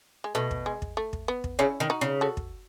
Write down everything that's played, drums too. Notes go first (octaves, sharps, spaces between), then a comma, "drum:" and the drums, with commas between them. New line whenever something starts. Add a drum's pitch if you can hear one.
G#3
B2 A3
drum: kick
G#3
drum: kick
A3
drum: kick
B3
drum: kick
C#3 C#4 E4
D#3
D#4 F#4
C#3
F#4 A4
drum: kick